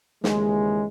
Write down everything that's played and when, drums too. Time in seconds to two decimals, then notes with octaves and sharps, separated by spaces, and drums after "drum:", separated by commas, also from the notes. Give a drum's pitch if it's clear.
0.24 D#2 C#3 E3 G#3, drum: snare